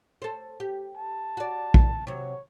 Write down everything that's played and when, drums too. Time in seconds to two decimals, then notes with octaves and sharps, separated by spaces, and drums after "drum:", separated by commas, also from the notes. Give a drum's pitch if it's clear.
0.22 A4 C5
0.60 G4
0.96 A5
1.37 F#4 D5
1.74 drum: kick
2.07 C3 F#3 C#5